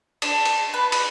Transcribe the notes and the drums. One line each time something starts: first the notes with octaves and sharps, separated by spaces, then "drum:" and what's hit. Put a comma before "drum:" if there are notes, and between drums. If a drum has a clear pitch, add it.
D4, drum: cymbal
drum: cymbal
B4
drum: cymbal